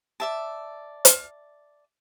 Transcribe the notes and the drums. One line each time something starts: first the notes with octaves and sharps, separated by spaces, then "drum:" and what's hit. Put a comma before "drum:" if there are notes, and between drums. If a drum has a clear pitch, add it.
D5 E5 A5
drum: hi-hat